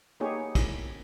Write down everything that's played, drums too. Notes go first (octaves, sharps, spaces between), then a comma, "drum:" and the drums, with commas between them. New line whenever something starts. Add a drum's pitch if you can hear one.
A#3 B3 D#4 G4 G#4 C#5
drum: kick, cymbal